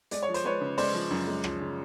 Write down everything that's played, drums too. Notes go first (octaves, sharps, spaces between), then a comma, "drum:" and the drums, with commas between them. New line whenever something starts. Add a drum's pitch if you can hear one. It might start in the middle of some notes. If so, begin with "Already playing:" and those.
G#3 D5, drum: hi-hat
C#5
F3
C5, drum: hi-hat
G#3 B4 C#5
C#3
G#3 C5 D5, drum: open hi-hat
F3
F#2
G#3
F3, drum: rim click
C#3